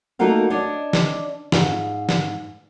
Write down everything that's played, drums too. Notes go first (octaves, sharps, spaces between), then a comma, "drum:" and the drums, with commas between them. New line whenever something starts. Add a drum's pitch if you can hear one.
A3 A#3 D#4 F4 F#4 A#4
D4 C#5 D#5
drum: snare
G#2 F4, drum: snare
drum: snare